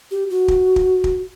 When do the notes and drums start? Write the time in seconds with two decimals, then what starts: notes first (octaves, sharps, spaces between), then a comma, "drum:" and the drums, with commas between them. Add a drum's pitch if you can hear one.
0.11 G4
0.30 F#4
0.48 drum: kick
0.76 drum: kick
1.04 drum: kick